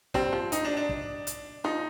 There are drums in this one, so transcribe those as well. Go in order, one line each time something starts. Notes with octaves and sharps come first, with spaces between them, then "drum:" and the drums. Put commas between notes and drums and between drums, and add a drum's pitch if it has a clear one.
G3 C4, drum: kick
F3
D#4, drum: hi-hat
D4
D4
drum: kick
drum: hi-hat
F3 D#4